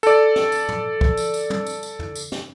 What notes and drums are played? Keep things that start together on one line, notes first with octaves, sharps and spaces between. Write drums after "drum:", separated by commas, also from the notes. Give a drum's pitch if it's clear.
A4 D5, drum: tambourine
drum: snare
drum: tambourine
drum: tom
drum: kick
drum: tambourine
drum: tambourine
drum: tom
drum: tambourine
drum: tambourine
drum: tom
drum: tambourine
drum: snare